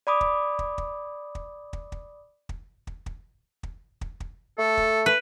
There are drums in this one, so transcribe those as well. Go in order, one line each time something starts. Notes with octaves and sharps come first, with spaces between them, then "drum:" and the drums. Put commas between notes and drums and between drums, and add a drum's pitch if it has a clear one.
D5 B5 D6 D#6
drum: kick
drum: kick
drum: kick
drum: kick
drum: kick
drum: kick
drum: kick
drum: kick
drum: kick
drum: kick
drum: kick
drum: kick
A3 A4
drum: kick
B4